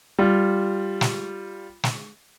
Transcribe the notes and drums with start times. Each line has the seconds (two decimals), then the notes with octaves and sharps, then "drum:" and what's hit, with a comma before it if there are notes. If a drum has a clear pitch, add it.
0.19 G3 F4
1.01 drum: snare
1.84 drum: snare